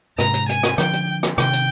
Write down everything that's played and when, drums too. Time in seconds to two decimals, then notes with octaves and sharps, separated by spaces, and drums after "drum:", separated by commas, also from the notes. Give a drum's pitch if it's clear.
0.18 G#2 C3 A#5, drum: rim click
0.34 drum: hi-hat
0.49 G#5, drum: hi-hat
0.63 drum: rim click
0.78 D3 F3 G5, drum: rim click
0.93 drum: hi-hat
1.23 drum: rim click
1.38 C3 D#3 G5, drum: rim click
1.53 drum: hi-hat